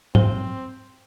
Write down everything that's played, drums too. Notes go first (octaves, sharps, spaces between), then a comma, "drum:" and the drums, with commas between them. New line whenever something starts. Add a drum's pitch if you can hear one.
C4 C5, drum: tom G#2